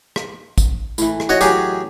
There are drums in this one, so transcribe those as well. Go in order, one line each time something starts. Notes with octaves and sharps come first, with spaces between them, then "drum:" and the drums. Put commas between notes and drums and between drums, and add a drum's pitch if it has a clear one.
drum: rim click
drum: kick, tambourine
A2 E3, drum: tambourine
drum: rim click
F#4 C#5 D#5
F#3 G4 G#4, drum: tambourine